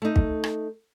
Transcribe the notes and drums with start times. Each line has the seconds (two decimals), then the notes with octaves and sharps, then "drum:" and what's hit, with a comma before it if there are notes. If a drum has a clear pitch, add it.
0.02 A3 D#4
0.16 drum: kick
0.44 drum: rim click